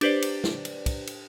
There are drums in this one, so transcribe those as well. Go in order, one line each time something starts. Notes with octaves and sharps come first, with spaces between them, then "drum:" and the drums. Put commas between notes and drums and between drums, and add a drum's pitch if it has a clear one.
D4 G4 B4 C5 D5, drum: cymbal
drum: cymbal
drum: snare
drum: cymbal
drum: kick, cymbal
drum: cymbal